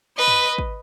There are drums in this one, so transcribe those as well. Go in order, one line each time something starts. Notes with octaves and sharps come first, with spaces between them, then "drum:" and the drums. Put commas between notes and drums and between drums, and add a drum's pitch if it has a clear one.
B4 D#5
drum: tom G2
drum: kick